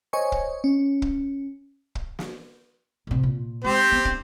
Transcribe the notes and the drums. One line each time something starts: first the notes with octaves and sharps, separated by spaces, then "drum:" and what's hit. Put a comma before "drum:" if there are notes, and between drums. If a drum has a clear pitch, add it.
C5 C#5 D#5 G#5 C#6
drum: kick
C#4
drum: kick
drum: kick
drum: snare
A2 C3
A#2
G#3 C4 G4 C5
B3
D4, drum: kick